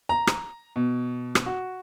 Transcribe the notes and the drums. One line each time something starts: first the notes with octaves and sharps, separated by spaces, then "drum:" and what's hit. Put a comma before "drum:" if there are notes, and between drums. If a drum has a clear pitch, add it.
A#5
drum: rim click
B2
drum: rim click
F#4